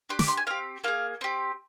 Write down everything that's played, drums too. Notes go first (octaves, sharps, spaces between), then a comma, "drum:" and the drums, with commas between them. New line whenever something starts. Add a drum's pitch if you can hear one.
D4 G4 C6
D6, drum: snare
C6
G#5
C4 G4 F5
A#3 F4 G#4 F5
C4 G4